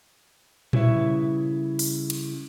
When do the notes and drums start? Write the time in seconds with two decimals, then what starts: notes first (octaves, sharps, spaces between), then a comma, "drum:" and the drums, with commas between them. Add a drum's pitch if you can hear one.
0.73 C#3 G3 E4 B4 C#5 E5, drum: tom A#2
1.79 drum: open hi-hat
2.10 drum: cymbal